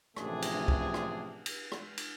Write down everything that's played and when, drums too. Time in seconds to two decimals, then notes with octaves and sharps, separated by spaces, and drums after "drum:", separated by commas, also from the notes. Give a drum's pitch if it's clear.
0.17 A1 C3 F3 A3 D4 G#4, drum: rim click
0.42 drum: cymbal
0.68 drum: kick
0.94 drum: rim click
1.46 drum: cymbal
1.72 drum: rim click
1.98 drum: cymbal